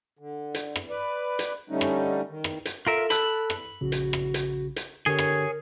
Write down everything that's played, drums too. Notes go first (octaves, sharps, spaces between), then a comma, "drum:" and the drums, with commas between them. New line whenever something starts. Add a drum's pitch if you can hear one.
D3
drum: hi-hat
drum: rim click
B4 D5
drum: hi-hat
D3 G3 A3 C#4 D#4
drum: rim click
D#3
drum: rim click
drum: hi-hat
F4 A4 A#4 E5
A5 B5 E6 F#6, drum: hi-hat
drum: rim click
A#1 C#3 F#4
drum: hi-hat
drum: rim click
drum: hi-hat
drum: hi-hat
D3 G4 G#4 A#4 C#5
drum: rim click